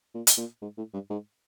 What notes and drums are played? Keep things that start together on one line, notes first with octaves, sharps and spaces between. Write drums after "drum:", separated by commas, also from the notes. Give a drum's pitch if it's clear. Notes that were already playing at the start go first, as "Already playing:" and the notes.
A#2
drum: hi-hat
A#2
G#2
A2
G2
G#2